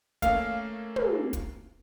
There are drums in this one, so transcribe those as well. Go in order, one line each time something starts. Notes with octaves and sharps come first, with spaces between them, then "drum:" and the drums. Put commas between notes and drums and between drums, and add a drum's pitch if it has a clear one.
A3 A#3 C#4 F5, drum: kick, hi-hat
drum: tom
drum: kick, hi-hat